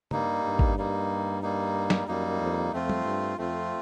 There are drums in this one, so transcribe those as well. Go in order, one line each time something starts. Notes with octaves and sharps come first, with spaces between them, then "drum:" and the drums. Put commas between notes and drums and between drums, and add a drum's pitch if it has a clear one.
G2 G3 A#3 D#4, drum: tom
G2
drum: kick
G3 A#3 D#4
G3 A#3 D#4
drum: snare
F#2 G3 A#3 D#4
F2
F2 A3 C4 F4
drum: tom G3
G2
F2 A3 C4 F4